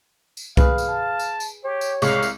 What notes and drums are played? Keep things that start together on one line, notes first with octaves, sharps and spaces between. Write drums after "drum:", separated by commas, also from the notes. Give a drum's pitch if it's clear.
drum: tambourine
G#4 B4 F5, drum: kick C2, tambourine
drum: tambourine
A5
drum: tambourine
drum: tambourine
G4 C#5
drum: tambourine
C2 G#3 F5 C#6, drum: tambourine
drum: tambourine